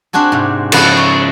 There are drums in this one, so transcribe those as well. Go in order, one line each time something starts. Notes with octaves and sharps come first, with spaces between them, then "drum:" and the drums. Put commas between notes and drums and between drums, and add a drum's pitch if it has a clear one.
C4 D4 F#4 G#4 A4
G#2 C3
C#3 F3 B3 E4 F#4 B4, drum: cymbal
C#5